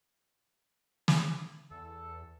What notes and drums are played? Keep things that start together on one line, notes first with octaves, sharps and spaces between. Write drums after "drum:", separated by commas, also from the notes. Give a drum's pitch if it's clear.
drum: snare
E2 A4